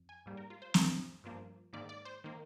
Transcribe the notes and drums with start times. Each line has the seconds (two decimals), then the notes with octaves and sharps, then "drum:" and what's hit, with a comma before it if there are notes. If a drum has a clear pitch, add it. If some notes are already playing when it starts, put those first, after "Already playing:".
Already playing: F2
0.09 G#5
0.26 G#2 G3 A#3
0.37 A#4
0.50 F4
0.62 C5
0.74 G2 F3 A#3, drum: snare
1.24 G2 F3 A#3
1.73 G#2 D#3 A#3 D5
1.89 D5
2.05 C5
2.24 D#3 A#3